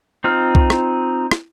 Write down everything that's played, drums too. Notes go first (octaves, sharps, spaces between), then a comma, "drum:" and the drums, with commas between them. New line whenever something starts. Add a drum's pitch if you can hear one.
C4 D#4 F4 F6
drum: kick B1
drum: rim click
drum: rim click